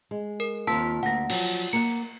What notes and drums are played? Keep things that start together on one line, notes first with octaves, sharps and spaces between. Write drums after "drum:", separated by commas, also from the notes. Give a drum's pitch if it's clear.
G#3
A#4
D#2 C4 F4 A5 E6 B6
D2 A#3 F#5 A#6
F3 F#3, drum: cymbal
A#3 F#5 C#7